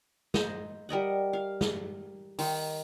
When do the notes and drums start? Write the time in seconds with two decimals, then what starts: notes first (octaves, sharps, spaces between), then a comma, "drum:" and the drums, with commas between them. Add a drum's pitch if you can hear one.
0.34 C5 D#5 A#5, drum: snare
0.89 G3 A#4 D#5 F#5
1.33 F5
1.61 drum: snare
2.39 D#3 C6, drum: open hi-hat